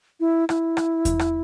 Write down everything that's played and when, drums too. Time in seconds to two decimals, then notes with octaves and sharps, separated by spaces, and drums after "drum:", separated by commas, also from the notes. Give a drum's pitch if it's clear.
0.20 E4
0.49 E4, drum: rim click
0.77 drum: rim click
1.05 drum: kick E2, hi-hat
1.19 drum: rim click